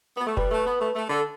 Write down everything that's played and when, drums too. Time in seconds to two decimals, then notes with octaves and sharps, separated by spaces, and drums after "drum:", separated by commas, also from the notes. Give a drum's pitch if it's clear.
0.17 B3
0.27 A3
0.37 G3 B4, drum: kick
0.51 A3
0.66 B3
0.80 A3
0.95 A3
1.09 D3 A4